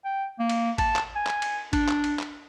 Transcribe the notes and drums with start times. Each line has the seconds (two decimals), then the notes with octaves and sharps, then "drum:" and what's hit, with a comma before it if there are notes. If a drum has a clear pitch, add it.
0.05 G5
0.39 A#3
0.49 drum: cymbal
0.78 A5, drum: kick G#1, cymbal
0.96 drum: clap
1.16 G#5
1.27 drum: clap
1.42 drum: cymbal
1.73 D4, drum: kick G#1, cymbal
1.88 drum: clap
2.04 drum: cymbal
2.19 drum: clap